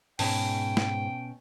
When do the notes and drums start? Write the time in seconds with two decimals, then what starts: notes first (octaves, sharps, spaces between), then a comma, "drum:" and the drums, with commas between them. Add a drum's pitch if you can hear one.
0.19 G#2 B2 C#4 G5 A5, drum: open hi-hat
0.77 drum: snare